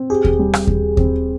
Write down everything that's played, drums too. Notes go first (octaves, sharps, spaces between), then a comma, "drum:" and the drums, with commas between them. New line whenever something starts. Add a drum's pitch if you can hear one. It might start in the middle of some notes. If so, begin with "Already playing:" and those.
Already playing: C4
G4 G#4
drum: kick D#2
G3
drum: rim click
G4, drum: kick D#2
C4, drum: kick D#2